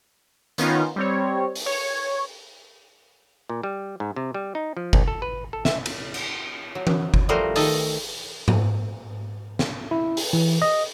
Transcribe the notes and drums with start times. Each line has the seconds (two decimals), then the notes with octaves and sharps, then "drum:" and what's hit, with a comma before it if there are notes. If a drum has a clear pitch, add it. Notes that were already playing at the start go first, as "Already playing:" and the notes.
0.58 D#3 B3 C#4 D#4 F4, drum: hi-hat
0.96 G3 C4 C#5
1.56 drum: open hi-hat
1.66 C#5
3.49 A#2
3.63 G3
4.00 G#2
4.16 C3
4.34 G3
4.55 D#4
4.77 F3
4.93 A#1, drum: kick F#1
5.08 A4
5.22 B4
5.53 A4
5.65 E5, drum: snare
5.86 drum: cymbal
6.14 drum: cymbal
6.75 F#3
6.87 drum: tom E3
7.14 drum: kick F#1
7.29 F3 G3 A3 F#4 A#4 C5
7.56 D#3 A4 D#5 A5, drum: open hi-hat
8.48 drum: tom G#2
9.59 drum: snare
9.91 E4
10.17 drum: open hi-hat
10.33 E3
10.62 D#5